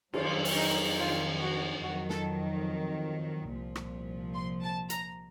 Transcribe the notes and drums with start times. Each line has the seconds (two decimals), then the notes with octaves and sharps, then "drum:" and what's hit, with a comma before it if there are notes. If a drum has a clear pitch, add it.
0.13 F2 D#3 F#3 F4, drum: cymbal
0.45 drum: open hi-hat
0.56 D#4
0.98 F4
1.40 F#4
1.81 F2 D#3 F#3 F#4
2.09 A4, drum: snare
3.50 C2 A#2 F3
3.75 drum: rim click
4.34 C6
4.62 A5
4.90 A#5, drum: hi-hat